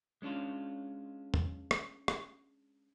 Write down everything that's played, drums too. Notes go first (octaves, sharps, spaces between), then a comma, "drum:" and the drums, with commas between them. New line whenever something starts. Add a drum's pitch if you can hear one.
G#3 C#4 D4 F4
drum: tom
drum: rim click
drum: rim click